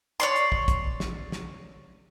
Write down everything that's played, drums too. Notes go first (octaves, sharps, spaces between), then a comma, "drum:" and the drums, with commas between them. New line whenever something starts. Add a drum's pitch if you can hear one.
C#5 D5 C6
drum: hi-hat
drum: kick
drum: kick, hi-hat
drum: snare
drum: snare